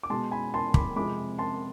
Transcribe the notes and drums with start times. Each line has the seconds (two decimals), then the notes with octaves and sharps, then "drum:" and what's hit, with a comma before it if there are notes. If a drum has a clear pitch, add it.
0.03 D6
0.10 B2 G#3 A5 C6
0.31 G#5 B5
0.54 A5 C6
0.74 B5 D6, drum: kick
0.96 F2 C3 G#3 B5 D6
1.39 A5 C6